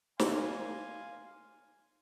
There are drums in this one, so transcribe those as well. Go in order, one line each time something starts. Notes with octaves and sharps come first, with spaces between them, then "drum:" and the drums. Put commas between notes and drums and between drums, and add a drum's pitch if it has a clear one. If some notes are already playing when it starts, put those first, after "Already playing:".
F5 G#5 C6, drum: snare